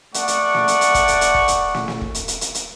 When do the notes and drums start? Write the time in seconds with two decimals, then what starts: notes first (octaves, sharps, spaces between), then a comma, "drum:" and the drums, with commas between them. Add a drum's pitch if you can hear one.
0.14 A3 D5 F#5 C#6, drum: hi-hat
0.28 drum: hi-hat
0.54 drum: snare
0.68 drum: hi-hat
0.81 drum: hi-hat
0.94 drum: kick E1, hi-hat
1.08 drum: hi-hat
1.21 drum: hi-hat
1.34 drum: kick E1
1.48 drum: hi-hat
1.74 drum: snare
1.88 drum: snare
2.01 drum: kick E1
2.15 drum: hi-hat
2.28 drum: hi-hat
2.41 drum: hi-hat
2.55 drum: hi-hat